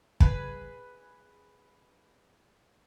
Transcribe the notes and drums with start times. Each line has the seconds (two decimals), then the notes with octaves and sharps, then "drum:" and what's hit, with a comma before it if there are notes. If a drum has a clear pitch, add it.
0.20 G#4 B4, drum: kick